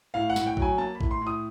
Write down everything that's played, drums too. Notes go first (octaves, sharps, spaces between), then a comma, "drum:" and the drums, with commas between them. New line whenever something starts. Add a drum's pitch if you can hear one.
A2 F5
F#5
A2, drum: snare
G5
F#3 G#5, drum: kick A1
A#3 A5
B5
A2, drum: kick A1
C6
A2
D#6